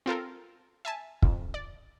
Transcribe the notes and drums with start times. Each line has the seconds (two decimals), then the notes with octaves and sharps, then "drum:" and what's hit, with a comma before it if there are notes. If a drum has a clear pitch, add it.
0.06 C4 F4 A4 A#4
0.85 E5 G#5 A5
1.22 F2, drum: kick
1.54 D5